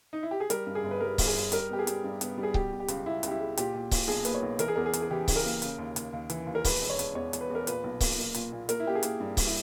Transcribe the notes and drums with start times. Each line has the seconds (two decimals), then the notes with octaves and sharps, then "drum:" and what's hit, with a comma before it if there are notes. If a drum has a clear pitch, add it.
0.13 D#4
0.23 E4
0.31 G4
0.40 G#4
0.50 G3 A#4, drum: hi-hat
0.67 G2
0.75 G#4
0.84 G1
0.91 B4
1.01 G3 A#4
1.18 G1, drum: kick C#1, open hi-hat
1.27 G#4
1.36 G1
1.52 G3 A#4, drum: hi-hat
1.69 B3 G4
1.79 G#4
1.87 G3, drum: hi-hat
2.04 G2
2.21 B3, drum: hi-hat
2.38 G3
2.43 G#4
2.54 B2 G4, drum: kick C#1
2.72 B2
2.80 G4
2.88 C#2, drum: hi-hat
3.06 C#2 E4
3.23 C#2 G4, drum: hi-hat
3.31 E4
3.40 G#3
3.57 A#2 G4, drum: hi-hat
3.74 A#2
3.91 A#2, drum: kick C#1, open hi-hat
4.08 B1 G#4
4.25 A#3 B4, drum: hi-hat
4.34 C#5
4.42 B1
4.59 E3 A#4, drum: hi-hat
4.68 G#4
4.76 E2 A#4
4.86 G#4
4.93 E2, drum: hi-hat
5.02 G#4
5.11 E3 G4
5.28 C#3, drum: kick C#1, open hi-hat
5.36 A#4
5.45 A#3
5.62 C#3, drum: hi-hat
5.79 D#2
5.96 D#2, drum: hi-hat
6.13 D#2
6.30 E3, drum: hi-hat
6.47 D#2
6.55 A#4
6.64 E1 B4, drum: kick C#1, open hi-hat
6.82 E1
6.90 C#5
6.99 E1, drum: hi-hat
7.15 E2 C#5
7.33 E2, drum: hi-hat
7.41 B4
7.50 E2 A#4
7.67 A#2 B4, drum: hi-hat
7.84 B1
8.01 A#3, drum: kick C#1, open hi-hat
8.18 A#3
8.35 A#2, drum: hi-hat
8.52 A#2
8.69 A#3 A#4, drum: hi-hat
8.80 E4
8.86 A#3 G4
8.95 G#4
9.03 A#3, drum: hi-hat
9.20 G2
9.37 G3, drum: kick C#1, open hi-hat
9.46 E4